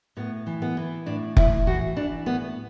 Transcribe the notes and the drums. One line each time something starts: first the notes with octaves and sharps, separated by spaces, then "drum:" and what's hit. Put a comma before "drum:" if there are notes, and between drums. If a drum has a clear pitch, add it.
A2 B3
E3
B3
E3
A2 D4
A2 E4, drum: kick F1
E3 F#4
E3 D4
A2 B3